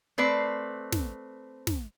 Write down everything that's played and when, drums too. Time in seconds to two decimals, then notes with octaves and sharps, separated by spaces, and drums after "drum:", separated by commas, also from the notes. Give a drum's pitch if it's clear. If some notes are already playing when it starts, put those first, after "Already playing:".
0.18 A3 C4 B4 D5
0.92 drum: snare
1.67 drum: snare